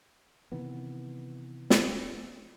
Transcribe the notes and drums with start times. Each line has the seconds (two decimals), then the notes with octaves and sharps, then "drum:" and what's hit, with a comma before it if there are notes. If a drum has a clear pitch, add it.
0.52 C3 D#3 E3 B3
1.70 drum: snare